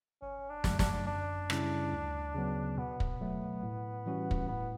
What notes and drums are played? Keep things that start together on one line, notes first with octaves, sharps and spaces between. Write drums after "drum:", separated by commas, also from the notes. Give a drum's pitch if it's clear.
G1 C#4
D4
F#2 D3 F#3 A3, drum: snare
D4, drum: snare
F#2 D4
C#3 G3 C#4 E4, drum: rim click
D2
C#3 F#3 B3
B2 B3
drum: kick
F#3 A3
A2
E3 G3 C#4 F#4
drum: kick
A2 B3